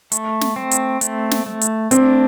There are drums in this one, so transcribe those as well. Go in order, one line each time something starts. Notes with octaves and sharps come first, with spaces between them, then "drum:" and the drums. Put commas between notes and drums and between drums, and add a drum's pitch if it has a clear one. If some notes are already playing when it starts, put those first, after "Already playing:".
A3, drum: hi-hat
drum: snare
C4
drum: hi-hat
A3, drum: hi-hat
drum: snare
A3
drum: hi-hat
C4 D4, drum: hi-hat